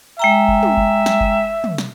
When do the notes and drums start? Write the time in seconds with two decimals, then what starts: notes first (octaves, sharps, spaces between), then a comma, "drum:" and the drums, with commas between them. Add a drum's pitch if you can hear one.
0.19 G#3 E5 G5 A#5
0.48 drum: kick F#1
0.63 drum: tom
0.77 drum: kick F#1
1.06 drum: snare
1.21 drum: kick F#1
1.64 drum: tom
1.78 drum: snare